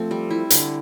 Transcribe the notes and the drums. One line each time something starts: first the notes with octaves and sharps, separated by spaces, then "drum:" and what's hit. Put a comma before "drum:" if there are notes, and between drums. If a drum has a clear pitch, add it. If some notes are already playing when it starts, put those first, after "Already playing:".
Already playing: F3 A3 C4
G3
E4
D3, drum: hi-hat